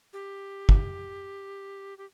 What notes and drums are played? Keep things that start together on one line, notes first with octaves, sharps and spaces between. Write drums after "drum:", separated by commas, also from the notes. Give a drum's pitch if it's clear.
G4
drum: kick
G4